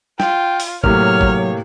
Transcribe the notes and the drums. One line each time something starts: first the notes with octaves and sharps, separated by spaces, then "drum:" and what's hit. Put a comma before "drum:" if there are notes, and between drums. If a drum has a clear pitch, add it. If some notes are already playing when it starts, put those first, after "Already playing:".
F4 G5, drum: snare
drum: open hi-hat
A2 C3 F#3 A#3 C#5 F6, drum: kick G#1
drum: kick G#1